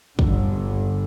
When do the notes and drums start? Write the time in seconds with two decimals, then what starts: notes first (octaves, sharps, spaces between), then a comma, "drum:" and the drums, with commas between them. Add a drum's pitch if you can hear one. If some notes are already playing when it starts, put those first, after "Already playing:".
0.19 G1 G2 D3, drum: kick